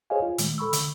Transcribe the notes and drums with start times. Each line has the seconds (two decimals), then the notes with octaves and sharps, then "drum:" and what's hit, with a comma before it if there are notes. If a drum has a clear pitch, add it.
0.10 G#4 C5 C#5 D#5 F5 G#5
0.22 F4
0.38 A#2 D#3 G#3 A3, drum: hi-hat
0.58 A4 B5 C#6 E6
0.73 D3, drum: hi-hat